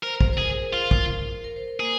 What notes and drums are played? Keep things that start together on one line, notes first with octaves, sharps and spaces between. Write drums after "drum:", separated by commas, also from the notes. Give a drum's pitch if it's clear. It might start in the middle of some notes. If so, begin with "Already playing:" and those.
A#4 C5
C5, drum: kick
C5
G#4 A#4
G#4
A#4
F4
drum: kick
A#4
C5
A#4
A#3 G#4